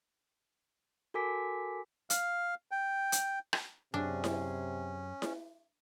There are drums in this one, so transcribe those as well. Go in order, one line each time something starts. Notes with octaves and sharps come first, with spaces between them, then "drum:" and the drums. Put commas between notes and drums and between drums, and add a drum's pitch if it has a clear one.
F#4 A4 A#4 G#5 D6 B6
F5, drum: hi-hat
G5
drum: hi-hat
drum: rim click
F#2 C3 C#4 D4 G#4
drum: snare E4
drum: snare E4